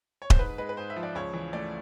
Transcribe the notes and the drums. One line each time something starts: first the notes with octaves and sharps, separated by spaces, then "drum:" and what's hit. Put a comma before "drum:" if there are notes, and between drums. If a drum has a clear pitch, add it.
C#5
C5, drum: kick D#1
G#2 B4
G#3 B4
B4
G#2 C5
E5
F3
D5
C#2 C#5
E3
A3 D5